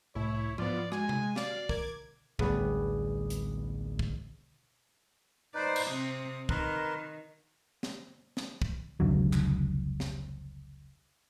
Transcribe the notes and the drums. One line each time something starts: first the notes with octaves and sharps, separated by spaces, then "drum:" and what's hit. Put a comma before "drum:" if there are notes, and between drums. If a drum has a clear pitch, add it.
C2 A2 E4 C#5
F3 B3 F4 C5 D5, drum: tom G#2
G#3 F#4 G#5, drum: rim click
drum: tom C3
D5 F5, drum: snare
A#4 D6 G#6, drum: kick
A1 D2 G3 B3 G#4, drum: kick
drum: hi-hat
drum: kick
D#4 B4 C5 D5
drum: cymbal
C3 C4 D#6
D#3 A#4 B4 C6, drum: kick
drum: snare
drum: snare
drum: kick
F1 C#2 D3 F#3
drum: clap
drum: snare